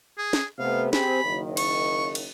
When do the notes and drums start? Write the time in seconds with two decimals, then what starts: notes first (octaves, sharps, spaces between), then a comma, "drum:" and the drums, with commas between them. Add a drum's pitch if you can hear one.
0.18 G#4
0.33 drum: snare
0.59 C3 A3 B3 F5
0.93 C4 G4 G#4 B5, drum: snare
1.24 F#1 D#3
1.57 C#6, drum: cymbal
2.15 drum: cymbal